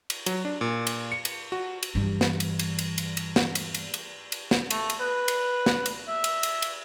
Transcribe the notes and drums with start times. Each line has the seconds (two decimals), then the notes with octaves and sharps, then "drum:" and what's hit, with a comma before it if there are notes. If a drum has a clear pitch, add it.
0.10 drum: cymbal
0.26 F#3, drum: cymbal
0.45 D4
0.61 A#2
0.87 drum: cymbal
1.12 C#7
1.25 drum: cymbal
1.52 F#4
1.83 drum: cymbal
1.95 G2 E3
2.21 drum: snare
2.40 drum: cymbal
2.59 drum: cymbal
2.79 drum: cymbal
2.98 drum: cymbal
3.17 drum: cymbal
3.36 drum: snare
3.55 drum: cymbal
3.75 drum: cymbal
3.94 drum: cymbal
4.32 drum: cymbal
4.51 drum: snare
4.70 A3, drum: cymbal
4.90 drum: cymbal
5.00 B4
5.28 drum: cymbal
5.66 drum: snare
5.86 drum: cymbal
6.08 E5
6.24 drum: cymbal
6.43 drum: cymbal
6.62 drum: cymbal